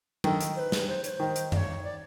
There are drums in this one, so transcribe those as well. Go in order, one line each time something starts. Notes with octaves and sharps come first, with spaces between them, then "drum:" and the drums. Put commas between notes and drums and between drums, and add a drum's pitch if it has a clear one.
D#3 A4, drum: tom F#3
drum: hi-hat
C5
B4
drum: snare
C5
C#5, drum: hi-hat
C5
D#3
drum: hi-hat
D5, drum: tom F#2
C#5
D5